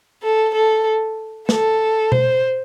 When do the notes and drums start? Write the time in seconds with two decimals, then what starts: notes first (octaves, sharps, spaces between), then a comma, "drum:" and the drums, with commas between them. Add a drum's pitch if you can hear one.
0.23 A4
0.55 A4
1.49 A4, drum: snare
2.12 C5, drum: tom B2